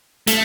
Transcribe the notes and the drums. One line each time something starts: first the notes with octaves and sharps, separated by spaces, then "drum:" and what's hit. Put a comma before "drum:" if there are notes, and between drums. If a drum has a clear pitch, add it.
A3, drum: hi-hat